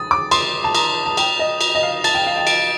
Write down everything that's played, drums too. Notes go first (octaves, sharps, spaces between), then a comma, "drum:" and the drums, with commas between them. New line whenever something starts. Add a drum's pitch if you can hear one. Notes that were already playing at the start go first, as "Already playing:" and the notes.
Already playing: D#6 A6
D6
C6 D#6, drum: cymbal
A5
A#5 D#6, drum: cymbal
A5
G5 F7, drum: cymbal
D#5
F7, drum: cymbal
D#5
F5
A5 A6, drum: cymbal
G5
F5
G5
D7, drum: cymbal